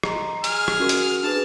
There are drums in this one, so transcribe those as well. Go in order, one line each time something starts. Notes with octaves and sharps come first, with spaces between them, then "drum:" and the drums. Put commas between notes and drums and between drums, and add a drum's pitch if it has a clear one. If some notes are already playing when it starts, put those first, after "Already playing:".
D#5 A#5 C6, drum: rim click
G#4 F6, drum: hi-hat
drum: rim click
C#4 F#4 A#4
drum: hi-hat
D4 G#4 B4 A5